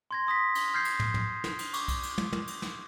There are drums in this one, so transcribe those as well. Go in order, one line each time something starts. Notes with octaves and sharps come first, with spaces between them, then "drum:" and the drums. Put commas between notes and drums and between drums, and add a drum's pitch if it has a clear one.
C6 G#6 A#6
C6 D#6 A#6 B6
drum: cymbal
F6 G6 G#6 C7
drum: cymbal
drum: tom
drum: tom
drum: snare
drum: cymbal
C#6 D6, drum: cymbal
drum: kick, cymbal
drum: cymbal
drum: tom
drum: tom
drum: cymbal
drum: snare